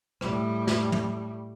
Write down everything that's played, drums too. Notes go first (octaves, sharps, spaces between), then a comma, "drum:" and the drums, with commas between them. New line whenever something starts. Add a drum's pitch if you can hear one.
A2 G3, drum: rim click
drum: snare
drum: tom